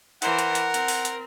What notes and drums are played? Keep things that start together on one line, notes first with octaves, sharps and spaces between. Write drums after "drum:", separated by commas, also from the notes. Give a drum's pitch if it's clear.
E3 A#4 C5 F#5, drum: hi-hat
drum: hi-hat
drum: hi-hat
C4, drum: hi-hat
drum: open hi-hat
drum: hi-hat